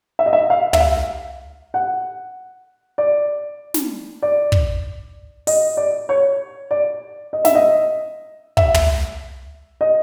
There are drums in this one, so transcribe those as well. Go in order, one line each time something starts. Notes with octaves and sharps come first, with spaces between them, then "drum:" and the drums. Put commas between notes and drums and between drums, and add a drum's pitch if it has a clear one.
E5
D#5
E5
F5
E5, drum: tom
F5
F#5
D5
drum: snare
D5
drum: kick
D#5, drum: open hi-hat
D5
C#5
D5
D#5
E5, drum: snare
D#5
E5, drum: kick
drum: tom
D#5